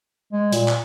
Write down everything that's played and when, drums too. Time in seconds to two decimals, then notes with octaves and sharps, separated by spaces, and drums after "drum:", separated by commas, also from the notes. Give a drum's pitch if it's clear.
0.32 G#3
0.52 A#2, drum: hi-hat
0.68 drum: clap